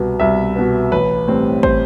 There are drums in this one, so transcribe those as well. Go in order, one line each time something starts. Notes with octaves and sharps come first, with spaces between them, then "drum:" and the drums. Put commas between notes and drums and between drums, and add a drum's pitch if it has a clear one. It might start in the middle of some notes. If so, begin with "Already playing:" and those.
Already playing: C2 B2 B3
C2 E5
B2 B3
A1 B4
A2 G3 C4
C5, drum: kick